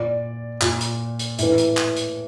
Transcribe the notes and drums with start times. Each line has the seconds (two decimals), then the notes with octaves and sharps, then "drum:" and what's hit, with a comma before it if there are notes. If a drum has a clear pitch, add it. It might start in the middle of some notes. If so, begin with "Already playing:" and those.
Already playing: A#2 D5
0.61 A#2, drum: clap
0.81 drum: hi-hat
1.19 drum: hi-hat
1.38 A2 E3, drum: hi-hat
1.58 drum: hi-hat
1.77 drum: clap
1.96 drum: hi-hat